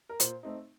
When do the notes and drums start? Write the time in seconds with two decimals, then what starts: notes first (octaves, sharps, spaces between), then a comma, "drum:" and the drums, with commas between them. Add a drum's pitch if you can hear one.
0.09 A#4
0.20 A#2 C5, drum: hi-hat
0.43 A3 C4 D#4